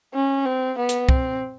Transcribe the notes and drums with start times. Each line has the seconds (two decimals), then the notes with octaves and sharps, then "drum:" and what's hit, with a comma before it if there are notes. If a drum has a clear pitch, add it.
0.14 C#4
0.45 C4
0.78 B3
0.89 drum: hi-hat
1.09 C4, drum: kick